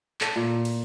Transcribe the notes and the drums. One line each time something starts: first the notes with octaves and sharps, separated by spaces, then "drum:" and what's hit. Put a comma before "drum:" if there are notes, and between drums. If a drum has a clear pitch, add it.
A4, drum: clap
A#2
drum: cymbal